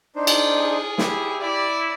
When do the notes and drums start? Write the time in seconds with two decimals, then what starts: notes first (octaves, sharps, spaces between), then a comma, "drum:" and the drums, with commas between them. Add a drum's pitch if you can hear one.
0.16 D4 D#4 C5
0.27 drum: cymbal
0.56 G#4
0.98 E4 G4, drum: snare
1.42 E4 D5